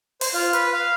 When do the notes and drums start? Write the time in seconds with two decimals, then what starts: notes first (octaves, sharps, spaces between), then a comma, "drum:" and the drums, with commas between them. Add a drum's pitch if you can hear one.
0.21 C5, drum: open hi-hat
0.34 F4
0.53 B4, drum: hi-hat
0.73 F5